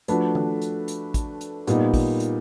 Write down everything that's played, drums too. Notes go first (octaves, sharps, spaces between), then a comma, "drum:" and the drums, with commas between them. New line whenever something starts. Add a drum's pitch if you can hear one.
F3 A3 D4 F#4 B4, drum: hi-hat
drum: tom D#3
drum: hi-hat
drum: hi-hat
drum: kick, hi-hat
drum: hi-hat
A#2 G3 B3 D#4, drum: hi-hat
drum: kick, open hi-hat
drum: hi-hat